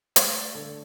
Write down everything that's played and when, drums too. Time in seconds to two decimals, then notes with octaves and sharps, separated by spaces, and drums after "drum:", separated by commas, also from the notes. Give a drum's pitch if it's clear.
0.16 A3 C#5, drum: hi-hat
0.35 D5
0.55 D3 A4